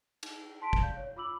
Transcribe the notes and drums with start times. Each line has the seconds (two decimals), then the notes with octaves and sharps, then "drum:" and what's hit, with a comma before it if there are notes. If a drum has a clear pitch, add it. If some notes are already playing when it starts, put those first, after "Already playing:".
0.23 D#4, drum: cymbal
0.61 A5 C6 B6 D7
0.73 drum: kick
0.82 D5 F5 G6
0.97 C#5
1.16 F4 B5 D6 E6 F#7